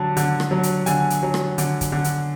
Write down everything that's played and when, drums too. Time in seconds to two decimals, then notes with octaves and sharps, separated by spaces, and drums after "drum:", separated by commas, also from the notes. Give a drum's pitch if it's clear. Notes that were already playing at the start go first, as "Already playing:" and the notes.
Already playing: D3 F#3 A5
0.17 D3, drum: hi-hat
0.40 drum: rim click
0.51 F#3
0.63 drum: hi-hat
0.86 D3 G#5, drum: hi-hat
1.10 drum: hi-hat
1.23 F#3
1.34 drum: rim click
1.58 D3, drum: hi-hat
1.81 drum: kick, hi-hat
1.92 D3
2.04 drum: hi-hat